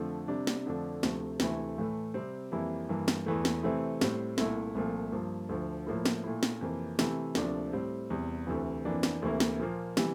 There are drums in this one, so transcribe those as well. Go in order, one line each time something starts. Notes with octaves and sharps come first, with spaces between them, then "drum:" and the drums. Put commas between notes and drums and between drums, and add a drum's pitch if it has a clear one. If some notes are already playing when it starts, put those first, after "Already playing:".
Already playing: F2 D3 F3 A3
C3 G3 D4
drum: snare
F2 D3 F3 A3 D4
D2 C3 F3 A3, drum: snare
D2 C3 E3 A3 E4, drum: snare
A2 E3 A3
C3 G3 C4
F2 E3 G3 A#3 E4
G2 E3 A#3
drum: snare
E2 E3 A3
drum: snare
C3 E3 A3 C4 E4
A2 G3 C4, drum: snare
C2 A#2 A3 E4, drum: snare
C2 A#2 F3 A3
G2 F3 A#3
D2 D3 F3
A2 F3 A#3 E4
drum: snare
A#2 A3 E4
drum: snare
F2 C3 E3 A#3
C3 E3 A3, drum: snare
D2 C3 F3 A#3 D4, drum: snare
A2 G3 C4
E2 C3 G3
D2 C3 E3
F2 E3 A#3 D4
drum: snare
D2 C3 E3 A#3 E4
drum: snare
A#2 F3 A#3
C3 E3 G3, drum: snare